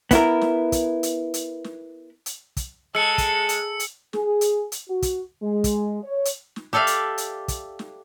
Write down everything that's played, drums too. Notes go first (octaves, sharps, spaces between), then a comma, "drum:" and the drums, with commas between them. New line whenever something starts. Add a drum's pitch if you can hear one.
B3 E4 A#4, drum: kick, hi-hat
drum: snare
drum: kick, hi-hat
drum: hi-hat
drum: hi-hat
drum: snare
drum: hi-hat
drum: kick, hi-hat
G#3 A4 E6 C#7
drum: kick, hi-hat
drum: hi-hat
drum: hi-hat
G#4, drum: snare
drum: hi-hat
drum: hi-hat
F#4
drum: kick, hi-hat
G#3
drum: kick, hi-hat
C#5
drum: hi-hat
drum: snare
G4 A4 D5 E5 F5
drum: hi-hat
drum: hi-hat
drum: kick, hi-hat
drum: snare